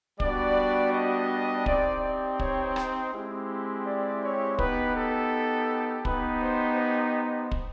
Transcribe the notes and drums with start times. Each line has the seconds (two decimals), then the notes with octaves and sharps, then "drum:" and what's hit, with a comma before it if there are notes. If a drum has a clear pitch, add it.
0.20 G3 B3 D4 F#4 D5, drum: kick
0.94 D#5
1.66 C4 D#4 G4 D5, drum: kick
2.03 D5
2.39 C#5, drum: kick
2.76 drum: rim click
3.13 G#3 C4 E4 G4
3.86 D5
4.22 C#5
4.59 B3 D#4 G4 B4, drum: kick
4.95 A4
6.05 B3 D#4 G4 B4, drum: kick
6.42 C5
6.78 C5
7.51 drum: kick